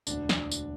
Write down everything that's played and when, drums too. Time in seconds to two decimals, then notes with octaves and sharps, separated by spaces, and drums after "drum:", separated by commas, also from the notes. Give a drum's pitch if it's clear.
0.07 E1 D2 D3 D4, drum: tambourine
0.29 drum: snare
0.52 drum: tambourine